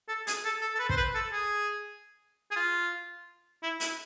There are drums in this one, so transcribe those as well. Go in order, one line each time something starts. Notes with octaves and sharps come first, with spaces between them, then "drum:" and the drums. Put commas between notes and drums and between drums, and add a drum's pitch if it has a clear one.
A4
G#4, drum: hi-hat
A4
A4
A4
B4
C5, drum: kick
B4
A4
G#4
G#4
F4
E4
E4, drum: hi-hat